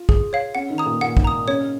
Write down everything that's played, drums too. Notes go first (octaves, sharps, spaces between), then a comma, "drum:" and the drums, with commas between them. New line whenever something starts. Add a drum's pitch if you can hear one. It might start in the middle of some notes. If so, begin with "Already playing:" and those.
Already playing: F4
G#4, drum: kick
C#5 F5
C#4 F#5
D#3
A#5 D#6
A#2
A#2 F#5
G#2, drum: kick
A#5 D#6
C#3 C#5